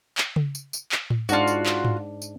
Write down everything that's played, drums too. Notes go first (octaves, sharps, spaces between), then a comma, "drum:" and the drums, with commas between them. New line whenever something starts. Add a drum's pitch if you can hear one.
drum: clap
drum: tom C#3
drum: tambourine
drum: tambourine
drum: clap
drum: tom A2
G#2 D4 F4 F#4, drum: tambourine
drum: tambourine
drum: clap
drum: tom G#2
drum: tambourine